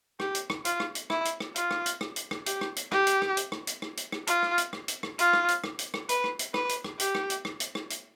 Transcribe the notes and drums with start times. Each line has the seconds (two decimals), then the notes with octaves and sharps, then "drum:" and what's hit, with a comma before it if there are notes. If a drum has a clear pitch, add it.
0.20 G4, drum: rim click
0.35 drum: hi-hat
0.50 drum: rim click
0.65 F4, drum: hi-hat
0.80 drum: rim click
0.95 drum: hi-hat
1.10 E4, drum: rim click
1.25 drum: hi-hat
1.40 drum: rim click
1.56 F4, drum: hi-hat
1.71 drum: rim click
1.86 drum: hi-hat
2.01 drum: rim click
2.16 drum: hi-hat
2.31 drum: rim click
2.46 G4, drum: hi-hat
2.61 drum: rim click
2.76 drum: hi-hat
2.92 G4, drum: rim click
3.07 drum: hi-hat
3.22 drum: rim click
3.37 drum: hi-hat
3.52 drum: rim click
3.67 drum: hi-hat
3.82 drum: rim click
3.97 drum: hi-hat
4.12 drum: rim click
4.27 F4, drum: hi-hat
4.43 drum: rim click
4.58 drum: hi-hat
4.73 drum: rim click
4.88 drum: hi-hat
5.03 drum: rim click
5.19 F4, drum: hi-hat
5.33 drum: rim click
5.48 drum: hi-hat
5.64 drum: rim click
5.79 drum: hi-hat
5.94 drum: rim click
6.09 B4, drum: hi-hat
6.24 drum: rim click
6.39 drum: hi-hat
6.54 B4, drum: rim click
6.69 drum: hi-hat
6.84 drum: rim click
7.00 G4, drum: hi-hat
7.15 drum: rim click
7.30 drum: hi-hat
7.45 drum: rim click
7.60 drum: hi-hat
7.75 drum: rim click
7.90 drum: hi-hat